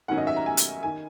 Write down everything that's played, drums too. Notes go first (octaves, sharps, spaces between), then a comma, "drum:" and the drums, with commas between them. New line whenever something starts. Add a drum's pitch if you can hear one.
G#2 D#3 F#3 C#4 F#5
D#5
E5
A#5
G#5
drum: hi-hat
D#3 G#5